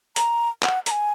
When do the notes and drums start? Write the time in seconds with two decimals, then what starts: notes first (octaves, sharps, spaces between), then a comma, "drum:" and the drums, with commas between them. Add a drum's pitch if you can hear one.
0.16 A#5, drum: hi-hat
0.63 F#5, drum: clap
0.86 A#5, drum: hi-hat
0.91 G#5